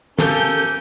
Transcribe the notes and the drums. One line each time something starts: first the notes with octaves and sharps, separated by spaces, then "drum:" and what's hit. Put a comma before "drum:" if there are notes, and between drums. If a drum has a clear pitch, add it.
A#3 C#4 G4 A4 G6, drum: snare